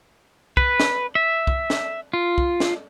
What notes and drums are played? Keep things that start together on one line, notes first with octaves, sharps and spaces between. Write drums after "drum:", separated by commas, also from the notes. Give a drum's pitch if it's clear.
B4, drum: kick C2
drum: snare
E5
drum: kick C2
drum: snare
F4
drum: kick C2
drum: snare